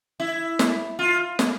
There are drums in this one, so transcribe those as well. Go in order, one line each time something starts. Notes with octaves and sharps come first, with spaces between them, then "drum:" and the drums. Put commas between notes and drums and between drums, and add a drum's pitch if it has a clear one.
E4
drum: snare
F4
drum: snare